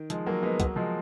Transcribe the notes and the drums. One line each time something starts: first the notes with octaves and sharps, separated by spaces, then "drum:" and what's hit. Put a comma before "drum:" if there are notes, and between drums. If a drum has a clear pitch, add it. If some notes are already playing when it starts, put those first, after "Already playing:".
Already playing: D#3
F3 G#3, drum: hi-hat
F#3 A#3
G#3 B3
F#3 A#3, drum: kick, hi-hat
F3 G#3